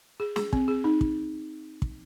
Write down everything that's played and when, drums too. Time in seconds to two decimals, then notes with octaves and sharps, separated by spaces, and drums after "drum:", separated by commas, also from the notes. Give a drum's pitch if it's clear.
0.20 G#4
0.36 G#4, drum: snare
0.53 C4, drum: kick
0.68 G#4
0.84 D#4
1.01 drum: kick
1.82 drum: kick